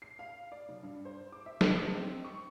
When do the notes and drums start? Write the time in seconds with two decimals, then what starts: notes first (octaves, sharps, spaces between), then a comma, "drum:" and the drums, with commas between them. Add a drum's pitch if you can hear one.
0.02 C7
0.19 F5
0.52 D5
0.69 B1
0.83 G2
1.05 C5
1.32 D6
1.46 E5
1.61 drum: snare
1.72 D#5
1.96 C4
2.24 C#6